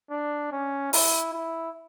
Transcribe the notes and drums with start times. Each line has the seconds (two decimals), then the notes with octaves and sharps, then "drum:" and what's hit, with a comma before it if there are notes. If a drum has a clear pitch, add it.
0.10 D4
0.52 C#4
0.93 E4, drum: open hi-hat
1.33 E4